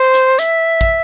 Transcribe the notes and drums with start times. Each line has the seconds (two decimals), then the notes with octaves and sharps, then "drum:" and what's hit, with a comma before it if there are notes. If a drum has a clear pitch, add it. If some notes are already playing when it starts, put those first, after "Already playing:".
Already playing: C5
0.14 drum: hi-hat
0.39 E5, drum: hi-hat
0.81 drum: kick